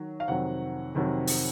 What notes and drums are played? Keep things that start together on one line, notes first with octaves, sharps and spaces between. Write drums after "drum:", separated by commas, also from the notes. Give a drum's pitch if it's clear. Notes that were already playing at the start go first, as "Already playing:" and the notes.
Already playing: D#3 F#3
F5
F2 C3 D#3 F#3 F#5
F2 C3 D#3 F#3
drum: open hi-hat